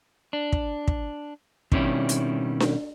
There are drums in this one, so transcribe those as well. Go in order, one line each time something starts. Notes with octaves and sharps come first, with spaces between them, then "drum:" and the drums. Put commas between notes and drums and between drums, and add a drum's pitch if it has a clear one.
D4
drum: kick
drum: kick
B2 D#3 G3 C4 C#4 E4, drum: kick
drum: hi-hat
drum: snare D4